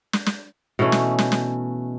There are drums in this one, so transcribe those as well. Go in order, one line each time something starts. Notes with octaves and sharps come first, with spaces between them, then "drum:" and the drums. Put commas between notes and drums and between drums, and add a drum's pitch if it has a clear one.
drum: snare
drum: snare
B2 E3 A3 C#4
drum: snare
drum: snare
drum: snare